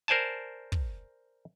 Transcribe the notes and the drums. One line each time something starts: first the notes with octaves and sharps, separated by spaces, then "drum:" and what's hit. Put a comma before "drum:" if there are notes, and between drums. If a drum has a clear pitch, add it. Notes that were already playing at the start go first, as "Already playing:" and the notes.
A#4 C5 D5 G#5 A5
drum: kick